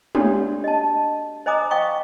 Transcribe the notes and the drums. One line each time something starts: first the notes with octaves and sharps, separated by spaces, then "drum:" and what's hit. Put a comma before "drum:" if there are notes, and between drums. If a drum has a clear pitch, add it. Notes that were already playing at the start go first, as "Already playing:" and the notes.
D4 F#4 G4 A4 C#5 D5, drum: tom G#3
D#5 A5
C5 D#5 G#5 A#5 D6 D#6
D#5 F5 G5 C#6 D#6